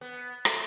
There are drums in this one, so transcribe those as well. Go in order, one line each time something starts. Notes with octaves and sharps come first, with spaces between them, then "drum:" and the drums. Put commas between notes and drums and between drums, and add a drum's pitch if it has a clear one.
B3
A3, drum: rim click